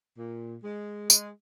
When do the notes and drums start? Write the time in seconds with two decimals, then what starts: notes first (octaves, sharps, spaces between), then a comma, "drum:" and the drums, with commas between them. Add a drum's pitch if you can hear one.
0.18 A#2
0.64 G#3
1.10 G#3, drum: tambourine